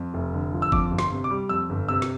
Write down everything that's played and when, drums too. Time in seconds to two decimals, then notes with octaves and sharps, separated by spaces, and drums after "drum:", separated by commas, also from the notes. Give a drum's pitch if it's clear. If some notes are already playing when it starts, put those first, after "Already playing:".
Already playing: F2
0.14 F1
0.33 D3
0.53 F3
0.62 E6
0.72 F2 D6, drum: kick F#1
0.91 G1
0.98 C6, drum: snare
1.11 C3
1.24 D6
1.30 G3
1.49 F2 E6
1.70 G1
1.88 C3 E6
2.02 drum: snare